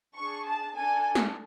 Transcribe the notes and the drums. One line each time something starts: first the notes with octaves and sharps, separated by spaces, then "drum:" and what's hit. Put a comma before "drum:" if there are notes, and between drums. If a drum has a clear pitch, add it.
D4 G#4 C#6
A5
D4 A4 G#5
drum: snare